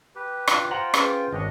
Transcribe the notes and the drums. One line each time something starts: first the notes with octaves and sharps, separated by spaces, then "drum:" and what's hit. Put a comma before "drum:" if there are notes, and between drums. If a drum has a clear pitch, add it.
G4 B4
D4 F4, drum: rim click
F4 C5 F#5 G5 A#5
C#4 G#4 B4, drum: rim click
G#1 D4 C#5 D#5